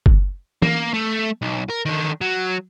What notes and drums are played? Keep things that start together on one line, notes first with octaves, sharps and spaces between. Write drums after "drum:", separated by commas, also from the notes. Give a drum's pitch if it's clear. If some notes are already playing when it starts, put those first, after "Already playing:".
drum: kick F#1
A#3, drum: tom
A3
B1
A#4
D3 D#3
F#3